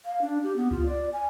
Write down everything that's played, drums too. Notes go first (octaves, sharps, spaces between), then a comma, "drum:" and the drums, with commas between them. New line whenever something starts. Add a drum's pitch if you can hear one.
F5
D4
G4
B3
F4, drum: tom C#2
D5
G#5